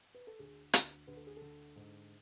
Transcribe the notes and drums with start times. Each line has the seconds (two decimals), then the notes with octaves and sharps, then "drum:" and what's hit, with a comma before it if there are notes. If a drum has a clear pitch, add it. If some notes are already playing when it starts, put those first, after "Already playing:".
0.15 B4
0.27 A4
0.39 D2 G#4
0.73 D2, drum: hi-hat
1.07 D2 B4
1.17 A4
1.27 G#4
1.37 D3 A4
1.76 G#2